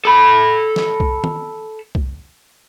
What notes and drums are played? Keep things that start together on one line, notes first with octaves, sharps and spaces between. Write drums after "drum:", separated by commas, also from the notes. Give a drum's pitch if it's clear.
A4 B5
drum: snare
drum: kick C2
drum: tom
drum: kick C2